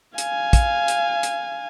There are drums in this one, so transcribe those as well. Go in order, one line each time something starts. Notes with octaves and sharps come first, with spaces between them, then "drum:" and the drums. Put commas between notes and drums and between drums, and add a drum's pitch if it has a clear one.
F5 G#5, drum: hi-hat
drum: kick, hi-hat
drum: hi-hat
drum: hi-hat